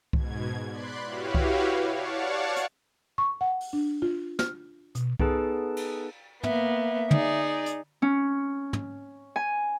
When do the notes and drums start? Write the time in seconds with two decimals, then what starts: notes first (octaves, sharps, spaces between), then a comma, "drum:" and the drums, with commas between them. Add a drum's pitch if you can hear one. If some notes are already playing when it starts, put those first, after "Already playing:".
0.13 G#2 B2 G#6, drum: kick C2
0.70 D5 B5 C6 F#6
1.05 E4 F#4 G4 B4 C#5 F5
1.35 drum: kick C2
1.90 C#5 D5 F5 F#5 A5 C#6
2.56 drum: hi-hat
3.18 C#6
3.41 F#5
3.61 drum: open hi-hat
3.73 D4
4.02 F4
4.39 F6, drum: snare
4.95 B2, drum: hi-hat
5.19 B3 D#4 G#4 A4 B4 A5, drum: kick C2
5.76 drum: cymbal
6.43 A#3 B3 E5, drum: tom
7.11 D#4 G#4 D5, drum: tom D3
7.66 drum: hi-hat
8.02 C#4
8.73 drum: tom
9.36 G#5